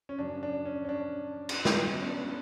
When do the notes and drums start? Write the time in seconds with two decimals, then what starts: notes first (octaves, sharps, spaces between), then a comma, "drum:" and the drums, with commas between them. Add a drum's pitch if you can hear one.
0.09 C#4
0.19 F#2 C#3 D4
0.43 D4
0.66 C#4
0.85 C#4
0.89 D4
1.49 drum: cymbal
1.65 drum: snare
1.92 B3
1.99 C#4
2.06 D4